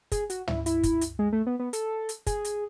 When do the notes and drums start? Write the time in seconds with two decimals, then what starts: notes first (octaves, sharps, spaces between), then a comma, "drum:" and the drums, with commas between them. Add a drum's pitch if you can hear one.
0.12 G#4, drum: kick, hi-hat
0.30 F#4, drum: hi-hat
0.47 E4, drum: tom
0.66 E4, drum: hi-hat
0.83 drum: kick, hi-hat
1.01 drum: hi-hat
1.19 G#3
1.33 A3
1.47 B3
1.59 B3
1.73 A4, drum: hi-hat
2.09 drum: hi-hat
2.27 G#4, drum: kick, hi-hat
2.45 drum: hi-hat